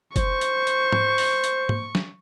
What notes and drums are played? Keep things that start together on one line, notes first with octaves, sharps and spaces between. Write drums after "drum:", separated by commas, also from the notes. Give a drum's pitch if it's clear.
C5 C#6, drum: kick F#1, hi-hat
drum: hi-hat
drum: hi-hat
drum: tom G#2
drum: open hi-hat
drum: hi-hat
drum: tom
drum: snare